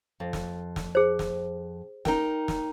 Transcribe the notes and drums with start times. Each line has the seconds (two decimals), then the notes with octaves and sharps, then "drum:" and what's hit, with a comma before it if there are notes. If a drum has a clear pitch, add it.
0.20 F2
0.33 drum: snare
0.76 drum: snare
0.95 G#4 C5
1.19 drum: snare
2.05 D#4 A#4 G5, drum: snare
2.48 drum: snare